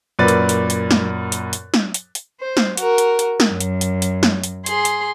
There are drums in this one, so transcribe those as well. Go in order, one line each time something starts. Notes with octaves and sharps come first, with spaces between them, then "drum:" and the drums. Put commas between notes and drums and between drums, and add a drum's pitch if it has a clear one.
F#2 A#2 B4 D5 A6
drum: hi-hat
drum: hi-hat
drum: hi-hat
drum: snare
drum: hi-hat
drum: hi-hat
drum: snare
drum: hi-hat
drum: hi-hat
C5
drum: snare
F#4 A#4, drum: hi-hat
drum: hi-hat
drum: hi-hat
drum: snare
F#2
drum: hi-hat
drum: hi-hat
drum: hi-hat
drum: snare
drum: hi-hat
G#4 C6, drum: hi-hat
drum: hi-hat